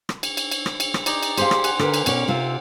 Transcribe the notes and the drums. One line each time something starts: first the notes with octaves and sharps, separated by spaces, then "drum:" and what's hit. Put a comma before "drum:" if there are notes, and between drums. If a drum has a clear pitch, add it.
drum: rim click
drum: cymbal
drum: cymbal
drum: cymbal
drum: rim click
drum: cymbal
drum: rim click
D#4 D5 A#5, drum: cymbal
drum: cymbal
G4 G#4 C5 F5, drum: cymbal
drum: rim click
F#5 G#5, drum: cymbal
D3 A#4 B4 D6, drum: rim click
drum: cymbal
B2 C#4 D5, drum: cymbal
C3 C4 F4